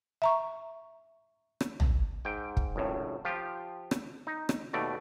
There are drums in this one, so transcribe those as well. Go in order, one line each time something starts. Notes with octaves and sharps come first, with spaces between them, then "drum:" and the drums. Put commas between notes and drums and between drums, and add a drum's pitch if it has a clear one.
E5 A#5 C#6
drum: rim click
drum: tom
G#2 G5
drum: kick
G#1 C#2 F#2 A2
F3 F4 G4
drum: rim click
D#4
drum: rim click
D#2 B2 A3 D5